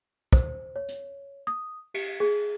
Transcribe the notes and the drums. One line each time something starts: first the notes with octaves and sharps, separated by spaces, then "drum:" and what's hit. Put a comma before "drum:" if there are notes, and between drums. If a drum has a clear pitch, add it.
C5, drum: kick
C#5
drum: hi-hat
D#6
G4, drum: cymbal
G#4